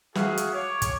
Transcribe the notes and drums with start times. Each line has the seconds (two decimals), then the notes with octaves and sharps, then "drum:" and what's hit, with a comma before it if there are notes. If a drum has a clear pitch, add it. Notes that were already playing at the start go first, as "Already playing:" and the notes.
0.15 F#4 G#4 E5 F5, drum: snare
0.37 drum: hi-hat
0.53 C#5 D6
0.82 drum: kick, hi-hat